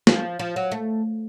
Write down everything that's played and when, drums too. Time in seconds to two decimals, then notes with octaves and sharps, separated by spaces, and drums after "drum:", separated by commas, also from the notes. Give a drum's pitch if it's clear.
0.07 F3, drum: snare
0.39 F3
0.56 F#3
0.71 A3